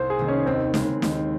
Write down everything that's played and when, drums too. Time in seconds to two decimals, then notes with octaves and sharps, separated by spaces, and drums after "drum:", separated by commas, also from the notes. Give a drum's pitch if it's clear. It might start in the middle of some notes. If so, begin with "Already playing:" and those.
Already playing: C2 C5
0.10 G#4
0.19 C3 D#3 A#3
0.28 C#4
0.46 D#2 C4
0.74 C#3 G#3, drum: snare
1.02 D#2, drum: snare